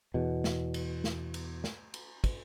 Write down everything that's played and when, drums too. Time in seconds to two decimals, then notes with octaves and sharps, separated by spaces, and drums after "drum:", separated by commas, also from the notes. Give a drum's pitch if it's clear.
0.14 E2 B2
0.44 drum: snare
0.74 drum: cymbal
1.04 drum: snare
1.34 drum: cymbal
1.64 drum: snare
1.94 drum: cymbal
2.24 drum: kick, cymbal